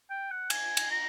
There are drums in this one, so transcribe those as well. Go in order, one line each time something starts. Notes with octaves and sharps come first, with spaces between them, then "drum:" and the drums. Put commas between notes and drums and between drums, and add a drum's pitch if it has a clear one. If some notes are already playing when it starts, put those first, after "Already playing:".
G5
F#5
G#5, drum: cymbal
drum: cymbal
A#5